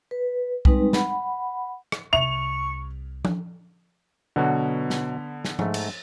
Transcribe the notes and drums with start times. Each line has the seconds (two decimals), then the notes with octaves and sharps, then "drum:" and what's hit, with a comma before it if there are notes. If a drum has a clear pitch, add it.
0.11 B4
0.65 G3 G#3 C4 D#4 B4, drum: kick B1
0.93 F#5 B5, drum: snare
1.92 drum: rim click
2.13 C2 C3 E5 C#6 F7
3.25 drum: tom F3
4.36 B2 D3 F#3 B3 F#4
4.90 drum: snare
5.45 drum: snare
5.59 G#2 A3, drum: tom F3
5.74 drum: cymbal